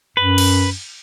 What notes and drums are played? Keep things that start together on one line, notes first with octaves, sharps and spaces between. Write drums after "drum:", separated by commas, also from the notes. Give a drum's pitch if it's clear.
F#2 B4
drum: cymbal